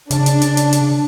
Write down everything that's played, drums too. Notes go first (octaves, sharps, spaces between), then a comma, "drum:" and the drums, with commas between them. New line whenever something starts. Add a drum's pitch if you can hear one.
C#3 D4, drum: hi-hat
drum: hi-hat
drum: hi-hat
drum: hi-hat
drum: hi-hat